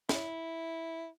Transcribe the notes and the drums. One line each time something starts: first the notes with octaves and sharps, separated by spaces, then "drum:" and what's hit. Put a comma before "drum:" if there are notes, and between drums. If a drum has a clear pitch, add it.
E4, drum: snare